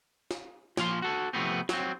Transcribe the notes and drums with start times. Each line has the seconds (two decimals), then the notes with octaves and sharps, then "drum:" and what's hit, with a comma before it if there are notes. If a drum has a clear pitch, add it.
0.31 drum: snare
0.77 A#2 F3 F5 C6, drum: snare
1.02 F#4 A4
1.33 C3 F3 A3 B3 C4
1.69 F#3 C4, drum: snare